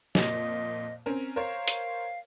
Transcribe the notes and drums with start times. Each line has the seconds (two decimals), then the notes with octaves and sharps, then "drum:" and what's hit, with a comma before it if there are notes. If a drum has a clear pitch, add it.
0.15 F2 A#2 D#5, drum: snare
1.06 C4 C#4 A#4
1.36 A#4 C5 C#5 F5
1.68 drum: hi-hat